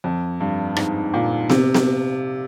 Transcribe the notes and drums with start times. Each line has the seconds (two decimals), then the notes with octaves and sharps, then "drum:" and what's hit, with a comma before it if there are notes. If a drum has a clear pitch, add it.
0.04 F2
0.41 G2
0.76 G#2, drum: rim click
1.14 A#2
1.50 C3, drum: snare B3
1.74 drum: snare B3